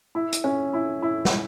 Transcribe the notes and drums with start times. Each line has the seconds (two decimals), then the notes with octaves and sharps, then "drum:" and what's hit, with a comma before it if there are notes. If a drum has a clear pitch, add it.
0.15 E4
0.33 drum: hi-hat
0.44 C#4
0.73 E4
1.02 E4
1.25 drum: snare